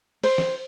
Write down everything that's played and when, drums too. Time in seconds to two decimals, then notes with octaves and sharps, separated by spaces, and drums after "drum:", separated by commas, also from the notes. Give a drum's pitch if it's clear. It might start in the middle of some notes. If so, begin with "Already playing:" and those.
0.23 C5, drum: open hi-hat
0.38 drum: snare